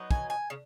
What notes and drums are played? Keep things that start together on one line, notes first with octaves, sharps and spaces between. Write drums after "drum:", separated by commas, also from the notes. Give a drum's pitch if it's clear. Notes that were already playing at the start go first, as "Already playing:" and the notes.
Already playing: F#3 B3 D#4
G#5, drum: kick
G#5
C#3